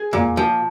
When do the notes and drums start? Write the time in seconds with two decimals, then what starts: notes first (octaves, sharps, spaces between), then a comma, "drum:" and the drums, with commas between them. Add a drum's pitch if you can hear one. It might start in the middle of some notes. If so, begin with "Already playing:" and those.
Already playing: G#4
0.13 A#2, drum: tom E2
0.37 F3